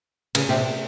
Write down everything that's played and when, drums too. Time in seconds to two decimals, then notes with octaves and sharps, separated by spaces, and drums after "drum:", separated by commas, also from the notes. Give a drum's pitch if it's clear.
0.35 C#3, drum: cymbal
0.49 C3